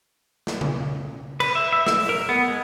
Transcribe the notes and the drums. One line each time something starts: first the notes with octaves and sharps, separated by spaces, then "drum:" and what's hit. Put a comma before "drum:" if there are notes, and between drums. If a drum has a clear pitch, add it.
drum: snare
drum: tom C#3
B4, drum: cymbal
E5
E5
E6, drum: snare
drum: open hi-hat
A#4
B3
G#3